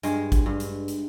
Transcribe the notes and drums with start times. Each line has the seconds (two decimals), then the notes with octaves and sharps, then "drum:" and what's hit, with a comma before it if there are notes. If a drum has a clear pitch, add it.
0.03 G2 G#3, drum: hi-hat
0.32 drum: kick G#1, hi-hat
0.46 G2
0.60 drum: hi-hat
0.88 drum: hi-hat